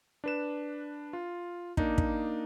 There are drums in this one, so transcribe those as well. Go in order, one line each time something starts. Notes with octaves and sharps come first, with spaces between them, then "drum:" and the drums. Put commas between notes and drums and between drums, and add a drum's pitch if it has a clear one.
D4 B4 E7
F4
A#3 D4 D#4, drum: kick
drum: kick